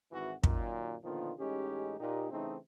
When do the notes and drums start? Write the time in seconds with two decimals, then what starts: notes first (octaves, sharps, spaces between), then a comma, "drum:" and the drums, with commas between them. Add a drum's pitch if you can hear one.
0.12 G#1 E3 F#4
0.43 F#2 A#2 D#3, drum: kick
1.04 A#2 D3 D#3 F3 B3 F4
1.39 A1 G#3 C#4 D#4 G4
2.00 A#2 D#4 G4
2.31 C#3 E3 A3 C4 D#4